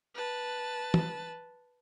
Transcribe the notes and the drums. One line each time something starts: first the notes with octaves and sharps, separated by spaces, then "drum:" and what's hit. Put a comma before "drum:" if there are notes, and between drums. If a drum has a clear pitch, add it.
B4 A5
drum: tom